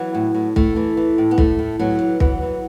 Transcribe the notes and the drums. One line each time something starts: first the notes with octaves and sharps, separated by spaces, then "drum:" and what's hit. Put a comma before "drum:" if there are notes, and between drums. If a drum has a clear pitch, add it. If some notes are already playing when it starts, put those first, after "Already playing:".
Already playing: E3 F#3 B3
A2
A2
A2 A3, drum: kick
E3
E3
A2
B3
A2 A3, drum: kick
A2
A2 F#3 B3
E3
E3 F#3 B3, drum: kick
E3